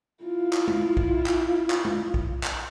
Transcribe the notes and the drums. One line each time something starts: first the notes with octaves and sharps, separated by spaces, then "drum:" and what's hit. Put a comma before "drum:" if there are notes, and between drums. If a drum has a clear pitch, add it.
E4 F4
drum: clap
drum: tom
drum: kick
drum: clap
drum: clap
drum: tom
drum: kick
drum: clap